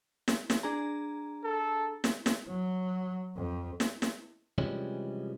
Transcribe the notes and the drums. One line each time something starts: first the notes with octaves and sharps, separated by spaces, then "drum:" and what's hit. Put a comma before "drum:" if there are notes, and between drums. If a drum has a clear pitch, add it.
drum: snare
drum: snare
D4 G#4 A#5
A4
drum: snare
drum: snare
F#3
F2
drum: snare
drum: snare
C3 E3 F3 G3 G#3 C#4